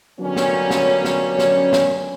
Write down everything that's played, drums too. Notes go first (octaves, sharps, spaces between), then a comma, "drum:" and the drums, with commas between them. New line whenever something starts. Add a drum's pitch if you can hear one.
D3 F#3 G3 A#3 B3 C#4
drum: snare
drum: snare
drum: snare
drum: snare
drum: snare